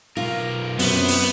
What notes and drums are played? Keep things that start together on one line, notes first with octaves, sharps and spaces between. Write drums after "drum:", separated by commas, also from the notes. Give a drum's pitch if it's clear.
B1 F4 A#4
F#2 C3 B3 C5, drum: open hi-hat
drum: open hi-hat